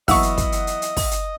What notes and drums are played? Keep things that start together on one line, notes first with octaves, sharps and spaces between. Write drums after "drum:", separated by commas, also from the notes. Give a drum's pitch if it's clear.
E3 F#3 B3 D#5 E5 F#5 C#6 E6, drum: kick, open hi-hat
drum: hi-hat
drum: kick, hi-hat
drum: hi-hat
drum: hi-hat
drum: hi-hat
drum: kick, open hi-hat
drum: hi-hat